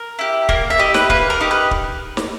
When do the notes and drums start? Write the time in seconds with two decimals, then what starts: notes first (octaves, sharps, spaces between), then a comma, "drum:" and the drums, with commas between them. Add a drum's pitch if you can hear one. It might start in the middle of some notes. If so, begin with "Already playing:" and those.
Already playing: A#4
0.19 E4 G4
0.49 A#3 A#4, drum: kick
0.70 E5
0.79 E4 G4 D#5
0.94 B4, drum: snare
1.10 A#3 B4, drum: kick
1.30 A#4
1.40 D#4 G4
1.51 B4
1.71 drum: kick
2.17 drum: snare